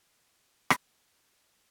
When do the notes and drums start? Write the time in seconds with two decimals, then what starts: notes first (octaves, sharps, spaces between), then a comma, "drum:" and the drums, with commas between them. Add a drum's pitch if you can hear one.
0.25 D3 G#3 A3 C4
0.70 drum: rim click